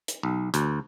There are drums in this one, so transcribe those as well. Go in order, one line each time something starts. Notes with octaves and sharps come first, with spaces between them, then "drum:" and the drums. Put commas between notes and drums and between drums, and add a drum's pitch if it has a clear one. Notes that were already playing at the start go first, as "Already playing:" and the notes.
drum: hi-hat
B1
D2, drum: hi-hat